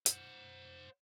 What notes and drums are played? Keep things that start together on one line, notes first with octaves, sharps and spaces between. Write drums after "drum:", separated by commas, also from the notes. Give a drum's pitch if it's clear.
C5 F#5, drum: hi-hat